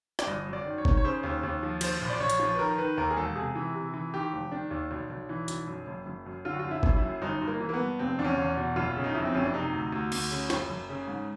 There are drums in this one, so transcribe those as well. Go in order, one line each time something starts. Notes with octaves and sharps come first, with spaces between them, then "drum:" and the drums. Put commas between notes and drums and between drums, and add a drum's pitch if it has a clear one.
D5, drum: rim click
G1 D#5
F#2
D5
D#3
C#5
D#3, drum: kick
C#5
C#3 C5
D#2
D#2
F3
F3 C5, drum: cymbal
A#1
D5
A#1 C#5
drum: hi-hat
F3
B4
D#3 A#4
D#3 B4
D#2 A#4
G#4
E1 A4
C3 G#4
E3
C3
E3
D#3 G4
F1
D#3 D4
D#2
B1
B1
E3
B1, drum: hi-hat
F#2
F#1
F#1
F#2
D3 F4
F#4
F#2 F4
E4
F#1, drum: kick
E4
F#2
G1 D#4
G1
A#3
E3
A#3
B3
G2
F1 C4
E2 D4
C#4
E2
B2
F#1 F4
C#3
D#4
F2 E4
C4
F#1 C#4
D4
C3 D#4
D2
D2
D2, drum: cymbal
C#3
F#1, drum: snare
F#1
C#3
G#2